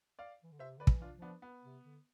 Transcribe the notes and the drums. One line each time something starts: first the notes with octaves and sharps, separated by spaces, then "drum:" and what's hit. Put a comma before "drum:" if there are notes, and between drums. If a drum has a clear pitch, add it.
D5 F5
E3
D3
C3 C5 E5
D3 B4 D5
E3, drum: kick
D4 F4
F3
B3 D4
B3
C3
D3